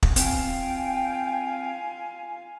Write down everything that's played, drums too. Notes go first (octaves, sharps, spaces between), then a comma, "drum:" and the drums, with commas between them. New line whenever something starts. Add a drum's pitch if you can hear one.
drum: kick
C4 F4 F5 G5 G#5, drum: hi-hat